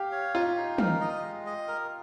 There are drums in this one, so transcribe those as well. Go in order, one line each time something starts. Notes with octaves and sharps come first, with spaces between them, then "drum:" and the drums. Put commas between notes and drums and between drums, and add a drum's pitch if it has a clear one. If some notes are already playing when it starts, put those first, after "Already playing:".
Already playing: G4 F5
C#5
D#4 F4
D#4
A#4, drum: tom
D#5
G#3
D#5
A#4